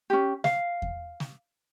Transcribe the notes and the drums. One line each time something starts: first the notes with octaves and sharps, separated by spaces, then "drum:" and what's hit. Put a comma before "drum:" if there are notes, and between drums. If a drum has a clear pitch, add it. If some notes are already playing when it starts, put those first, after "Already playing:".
C#4 G4
F5, drum: snare
drum: kick E2
drum: snare